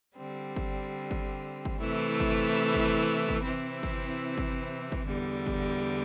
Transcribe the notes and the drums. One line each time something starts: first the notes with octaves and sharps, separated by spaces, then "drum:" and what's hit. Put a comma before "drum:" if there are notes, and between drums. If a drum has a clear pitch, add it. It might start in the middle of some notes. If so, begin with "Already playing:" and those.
D3 G3 C4
drum: kick
drum: kick
drum: kick
C3 E3 A3 E4
drum: kick
drum: kick
drum: kick
C3 E3 C4 E4
drum: kick
drum: kick
drum: kick
E2 D3 G3
drum: kick